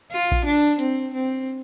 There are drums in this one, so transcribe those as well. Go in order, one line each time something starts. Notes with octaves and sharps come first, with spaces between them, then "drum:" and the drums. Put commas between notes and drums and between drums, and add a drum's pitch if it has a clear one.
F4
drum: kick A#1
D4
C4, drum: hi-hat
C4